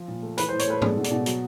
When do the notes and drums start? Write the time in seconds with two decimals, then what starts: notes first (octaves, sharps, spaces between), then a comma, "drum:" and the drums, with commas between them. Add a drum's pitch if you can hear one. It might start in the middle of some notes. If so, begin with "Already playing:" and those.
Already playing: F3
0.08 A#2
0.22 A3
0.38 E3 B4, drum: hi-hat
0.49 C5
0.52 A2
0.59 C#5, drum: hi-hat
0.67 A3 B4
0.82 G#3 D5, drum: tom
0.97 B2
1.04 D5, drum: hi-hat
1.11 B2
1.26 F#3, drum: hi-hat